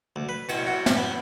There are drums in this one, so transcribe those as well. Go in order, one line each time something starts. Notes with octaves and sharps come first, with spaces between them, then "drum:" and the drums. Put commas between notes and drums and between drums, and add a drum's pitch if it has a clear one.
D2
B4
B2, drum: cymbal
F#4
drum: snare
B3